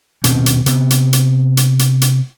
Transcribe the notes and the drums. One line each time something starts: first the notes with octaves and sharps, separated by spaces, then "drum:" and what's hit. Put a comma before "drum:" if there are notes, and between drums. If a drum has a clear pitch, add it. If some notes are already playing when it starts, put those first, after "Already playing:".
D#1 B2 C4 C#4, drum: hi-hat
drum: hi-hat
C3 B3, drum: hi-hat
drum: hi-hat
drum: hi-hat
drum: hi-hat
drum: hi-hat
drum: hi-hat